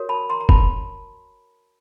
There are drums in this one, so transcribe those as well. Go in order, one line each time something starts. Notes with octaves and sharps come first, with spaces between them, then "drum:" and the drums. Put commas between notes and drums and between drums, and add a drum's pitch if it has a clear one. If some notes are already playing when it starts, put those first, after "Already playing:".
Already playing: F#4 A#4 C#5
A5 B5
A#5 C6
A#5
A5 B5, drum: kick